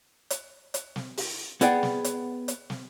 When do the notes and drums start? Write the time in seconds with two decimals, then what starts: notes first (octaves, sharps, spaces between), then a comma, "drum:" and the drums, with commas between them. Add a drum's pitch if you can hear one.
0.30 drum: hi-hat
0.74 drum: hi-hat
0.96 drum: snare
1.17 drum: open hi-hat
1.61 B3 G#4 D5 F#5 G5, drum: hi-hat
1.83 drum: snare
2.04 drum: hi-hat
2.48 drum: hi-hat
2.70 drum: snare